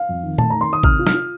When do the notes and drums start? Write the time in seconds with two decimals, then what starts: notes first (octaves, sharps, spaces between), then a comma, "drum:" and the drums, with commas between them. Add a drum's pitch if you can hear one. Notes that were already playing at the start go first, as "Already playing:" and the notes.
Already playing: F5
0.09 F2
0.23 D#3
0.38 A3 A5, drum: tom A#2
0.50 D#3 A#5
0.61 C6
0.69 D#3 D#6
0.83 C3 F6, drum: kick
0.99 F4
1.07 F6, drum: snare
1.14 F4